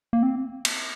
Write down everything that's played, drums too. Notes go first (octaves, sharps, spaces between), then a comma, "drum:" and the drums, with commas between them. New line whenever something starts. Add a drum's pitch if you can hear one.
A#3
C4
drum: cymbal